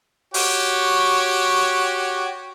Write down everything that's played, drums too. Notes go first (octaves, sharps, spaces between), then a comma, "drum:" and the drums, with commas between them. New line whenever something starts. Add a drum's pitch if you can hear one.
F#4 G4 C#5, drum: open hi-hat